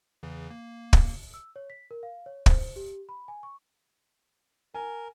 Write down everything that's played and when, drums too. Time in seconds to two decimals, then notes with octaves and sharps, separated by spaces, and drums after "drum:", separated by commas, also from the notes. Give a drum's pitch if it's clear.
0.23 E2 C#3 E3
0.51 A#3
0.93 drum: kick
1.34 E6
1.56 C#5
1.70 B6
1.91 A#4
2.03 F5
2.26 C#5
2.46 C5, drum: kick
2.76 G4
3.09 B5
3.28 G#5
3.43 C#6
4.74 A#4 G#5